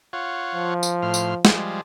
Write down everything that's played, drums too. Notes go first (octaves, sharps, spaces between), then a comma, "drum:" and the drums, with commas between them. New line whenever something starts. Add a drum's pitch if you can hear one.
F4 C#5 F#5
F3
drum: tambourine
A2 C6 F6
drum: tambourine
F3 G3 G#3, drum: snare